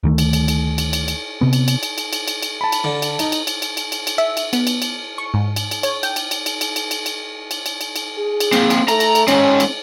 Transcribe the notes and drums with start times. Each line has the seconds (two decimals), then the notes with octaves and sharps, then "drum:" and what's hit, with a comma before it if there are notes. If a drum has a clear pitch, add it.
0.03 D2 D#3 A3
0.18 drum: cymbal
0.33 drum: cymbal
0.48 drum: cymbal
0.78 drum: cymbal
0.93 drum: cymbal
1.08 drum: cymbal
1.41 C3 B3
1.53 drum: cymbal
1.68 drum: cymbal
1.83 drum: cymbal
1.98 drum: cymbal
2.13 drum: cymbal
2.28 drum: cymbal
2.42 drum: cymbal
2.61 A5 B5
2.72 drum: cymbal
2.84 D3
3.02 drum: cymbal
3.19 D#4, drum: cymbal
3.32 drum: cymbal
3.47 drum: cymbal
3.62 drum: cymbal
3.77 drum: cymbal
3.92 drum: cymbal
4.07 drum: cymbal
4.18 E5
4.37 drum: cymbal
4.53 B3, drum: cymbal
4.67 drum: cymbal
4.82 drum: cymbal
5.18 C#6
5.34 G#2
5.56 drum: cymbal
5.71 drum: cymbal
5.83 C#5, drum: cymbal
6.03 G5, drum: cymbal
6.16 drum: cymbal
6.31 drum: cymbal
6.46 drum: cymbal
6.61 drum: cymbal
6.76 drum: cymbal
6.91 drum: cymbal
7.06 drum: cymbal
7.51 drum: cymbal
7.66 drum: cymbal
7.81 drum: cymbal
7.96 drum: cymbal
8.18 G#4
8.40 drum: cymbal
8.53 A#3 C4, drum: cymbal
8.70 drum: cymbal
8.88 A3 A#5, drum: cymbal
9.00 drum: cymbal
9.15 drum: cymbal
9.28 G#3 C4 C#4, drum: cymbal
9.60 drum: cymbal